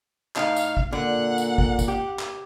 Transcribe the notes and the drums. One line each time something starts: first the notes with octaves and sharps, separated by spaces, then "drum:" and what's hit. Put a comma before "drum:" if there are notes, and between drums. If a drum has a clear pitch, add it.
A2 D#4 F5, drum: clap
drum: tambourine
drum: kick
A#2 D3 F#5
drum: tambourine
drum: kick
drum: kick, tambourine
G4
drum: clap